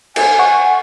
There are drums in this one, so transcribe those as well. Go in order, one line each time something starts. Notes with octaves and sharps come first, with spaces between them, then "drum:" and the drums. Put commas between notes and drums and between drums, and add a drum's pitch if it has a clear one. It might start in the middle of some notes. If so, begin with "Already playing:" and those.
G#5, drum: cymbal
F#5 C#6